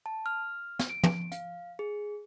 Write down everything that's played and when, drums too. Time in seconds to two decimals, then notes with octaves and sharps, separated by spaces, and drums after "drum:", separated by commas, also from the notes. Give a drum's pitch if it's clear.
0.06 A5
0.26 F6
0.79 drum: snare
0.89 D7
1.04 drum: tom
1.32 F5, drum: hi-hat
1.79 G#4